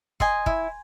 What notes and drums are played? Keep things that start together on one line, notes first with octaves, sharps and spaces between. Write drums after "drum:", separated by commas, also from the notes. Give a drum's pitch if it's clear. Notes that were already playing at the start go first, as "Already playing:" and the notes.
D#5 G#5 C6, drum: kick
E4, drum: kick